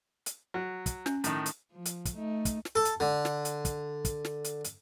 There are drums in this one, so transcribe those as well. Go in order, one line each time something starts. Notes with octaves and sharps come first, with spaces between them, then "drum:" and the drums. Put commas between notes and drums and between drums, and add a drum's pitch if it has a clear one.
drum: hi-hat
F#3
drum: kick, hi-hat
C#4, drum: snare
A2 D#3, drum: hi-hat
drum: hi-hat
F3
drum: hi-hat
drum: kick, hi-hat
A3 D#4
drum: kick, hi-hat
drum: snare
A4
drum: hi-hat
D3
drum: snare
drum: hi-hat
drum: kick, hi-hat
drum: kick, hi-hat
drum: snare
drum: hi-hat
drum: hi-hat